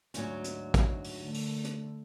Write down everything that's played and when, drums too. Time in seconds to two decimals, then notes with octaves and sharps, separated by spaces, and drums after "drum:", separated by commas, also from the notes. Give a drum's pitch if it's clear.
0.14 D2 G#2 F#3, drum: hi-hat
0.44 drum: hi-hat
0.74 drum: kick, hi-hat
1.04 drum: open hi-hat
1.22 D3 A3
1.34 drum: open hi-hat
1.64 drum: hi-hat